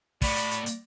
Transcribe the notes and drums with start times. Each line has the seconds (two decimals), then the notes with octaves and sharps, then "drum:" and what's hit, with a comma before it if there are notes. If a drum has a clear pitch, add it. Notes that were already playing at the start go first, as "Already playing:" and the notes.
0.22 A2 F#4 D5 B5, drum: kick, open hi-hat
0.36 drum: hi-hat
0.51 drum: hi-hat
0.66 drum: hi-hat